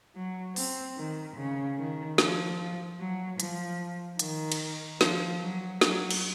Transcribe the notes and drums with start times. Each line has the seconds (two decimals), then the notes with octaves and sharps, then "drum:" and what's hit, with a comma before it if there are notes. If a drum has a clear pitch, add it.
0.16 F#3
0.56 C4, drum: open hi-hat
0.97 D#3
1.37 C#3
1.78 D#3
2.18 F3, drum: snare
2.99 F#3
3.40 F3, drum: hi-hat
4.19 D#3, drum: hi-hat
4.52 drum: cymbal
5.01 F3, drum: snare
5.41 F#3
5.81 F#3, drum: snare
6.11 drum: cymbal